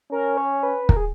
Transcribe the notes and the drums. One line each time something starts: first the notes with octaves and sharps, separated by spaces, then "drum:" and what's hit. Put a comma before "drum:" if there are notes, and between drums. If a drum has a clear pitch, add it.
C#4 A#4
C#5
B4
A#4, drum: kick
G#4